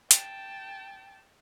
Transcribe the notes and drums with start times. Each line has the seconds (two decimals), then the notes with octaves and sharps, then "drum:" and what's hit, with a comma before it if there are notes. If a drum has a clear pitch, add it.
0.11 G5 A5, drum: hi-hat